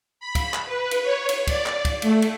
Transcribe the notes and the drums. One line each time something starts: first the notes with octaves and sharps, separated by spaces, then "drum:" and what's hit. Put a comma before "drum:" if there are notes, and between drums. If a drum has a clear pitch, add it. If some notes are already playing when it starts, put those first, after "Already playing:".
B5
drum: kick, cymbal
drum: clap
B4
drum: cymbal
C#5
drum: cymbal
D5, drum: kick, cymbal
drum: clap
drum: kick, cymbal
A3, drum: cymbal
drum: cymbal